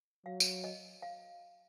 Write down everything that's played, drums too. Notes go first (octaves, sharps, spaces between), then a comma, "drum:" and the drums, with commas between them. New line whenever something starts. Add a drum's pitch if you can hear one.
F#3 F5
drum: tambourine
D#5
F5